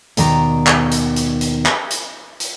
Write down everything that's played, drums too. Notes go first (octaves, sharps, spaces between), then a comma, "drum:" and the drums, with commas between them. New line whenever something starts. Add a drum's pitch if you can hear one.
D#2 B2 D#3 D5 A#5, drum: hi-hat
drum: clap
drum: hi-hat
drum: hi-hat
drum: hi-hat
drum: clap
drum: hi-hat
drum: hi-hat